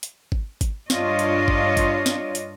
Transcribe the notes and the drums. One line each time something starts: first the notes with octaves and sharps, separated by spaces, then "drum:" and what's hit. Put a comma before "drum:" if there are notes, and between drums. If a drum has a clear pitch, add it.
drum: hi-hat
drum: kick G#1
drum: kick G#1, hi-hat
G2 D4 F4 C#5 D#5, drum: snare
drum: hi-hat
drum: kick G#1
drum: kick G#1, hi-hat
drum: snare
drum: hi-hat